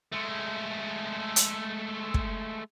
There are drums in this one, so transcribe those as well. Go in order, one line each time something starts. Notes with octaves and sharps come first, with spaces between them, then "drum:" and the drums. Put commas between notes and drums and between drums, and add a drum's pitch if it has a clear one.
G#3 A3
drum: hi-hat
drum: kick